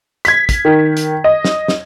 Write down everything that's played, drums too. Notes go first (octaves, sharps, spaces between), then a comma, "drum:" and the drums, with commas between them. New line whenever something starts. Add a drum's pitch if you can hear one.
G#6 B6, drum: hi-hat
drum: kick, hi-hat
D#3
drum: hi-hat
D#5
drum: snare
drum: snare